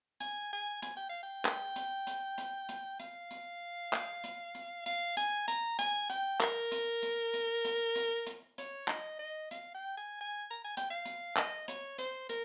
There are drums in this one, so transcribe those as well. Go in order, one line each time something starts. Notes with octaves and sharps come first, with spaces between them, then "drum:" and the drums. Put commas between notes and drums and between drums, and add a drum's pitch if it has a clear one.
G#5, drum: hi-hat
G#5
G#5, drum: hi-hat
G5
F5
G5
drum: clap
drum: hi-hat
drum: hi-hat
drum: hi-hat
drum: hi-hat
F5, drum: hi-hat
drum: hi-hat
drum: clap
drum: hi-hat
drum: hi-hat
F5, drum: hi-hat
G#5, drum: hi-hat
A#5, drum: hi-hat
G#5, drum: hi-hat
G5, drum: hi-hat
A#4, drum: clap
drum: hi-hat
drum: hi-hat
drum: hi-hat
drum: hi-hat
drum: hi-hat
drum: hi-hat
C#5, drum: hi-hat
D#5, drum: clap
D#5
F5, drum: hi-hat
G5
G#5
G#5
A#5
G#5
G5, drum: hi-hat
F5
drum: hi-hat
D#5, drum: clap
C#5, drum: hi-hat
C5, drum: hi-hat
A#4, drum: hi-hat